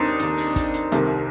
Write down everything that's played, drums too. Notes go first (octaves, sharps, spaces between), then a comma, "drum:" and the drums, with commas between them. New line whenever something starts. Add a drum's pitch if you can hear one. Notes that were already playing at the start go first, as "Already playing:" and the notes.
Already playing: D#2 C4 D4 D#4
D#2 D#3, drum: hi-hat
drum: open hi-hat
drum: kick, hi-hat
drum: hi-hat
C2 C3 D#3, drum: hi-hat